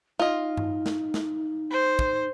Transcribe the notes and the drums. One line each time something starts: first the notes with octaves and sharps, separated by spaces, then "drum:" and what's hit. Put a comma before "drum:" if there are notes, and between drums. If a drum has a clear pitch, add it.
D#4 F4 D#5
drum: tom G2
drum: snare
drum: snare
C5
drum: kick